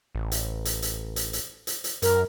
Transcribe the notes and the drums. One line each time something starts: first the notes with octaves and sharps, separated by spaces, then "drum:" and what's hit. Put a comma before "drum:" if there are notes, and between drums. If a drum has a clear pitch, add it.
A1
drum: hi-hat
drum: hi-hat
drum: hi-hat
drum: hi-hat
drum: hi-hat
drum: hi-hat
drum: hi-hat
F#2 A#4, drum: hi-hat